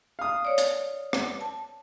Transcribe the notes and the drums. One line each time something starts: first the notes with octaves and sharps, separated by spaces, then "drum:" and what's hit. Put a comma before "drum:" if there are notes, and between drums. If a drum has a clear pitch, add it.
F5 D#6
C#5 D5
drum: hi-hat
drum: rim click
A5